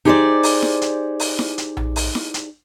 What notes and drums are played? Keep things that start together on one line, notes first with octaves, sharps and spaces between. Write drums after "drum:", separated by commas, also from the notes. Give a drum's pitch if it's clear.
D#4 G4 G#4 B4 C5 D5
drum: open hi-hat
drum: snare E4
drum: hi-hat
drum: open hi-hat
drum: snare E4
drum: hi-hat
drum: tom A#1
drum: open hi-hat
drum: snare E4
drum: hi-hat